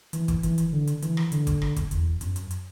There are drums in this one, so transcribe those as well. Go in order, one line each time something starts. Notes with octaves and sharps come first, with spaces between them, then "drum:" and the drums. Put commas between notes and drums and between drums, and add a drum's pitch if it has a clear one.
E3, drum: hi-hat
drum: kick, hi-hat
E3, drum: hi-hat
drum: hi-hat
D3
drum: hi-hat
E3, drum: hi-hat
drum: rim click
D3, drum: hi-hat
drum: kick, hi-hat
drum: rim click
drum: kick, hi-hat
E2, drum: hi-hat
F#2, drum: hi-hat
drum: hi-hat
drum: hi-hat